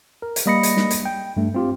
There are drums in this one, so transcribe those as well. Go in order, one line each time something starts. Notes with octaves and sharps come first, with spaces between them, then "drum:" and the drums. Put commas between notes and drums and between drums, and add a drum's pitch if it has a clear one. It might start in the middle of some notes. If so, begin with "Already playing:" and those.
A#4
drum: hi-hat
G3 A#3 D#5 B5 A#6 C#7
drum: hi-hat
drum: snare
drum: hi-hat
G5
G2 A3
C4 F4 G4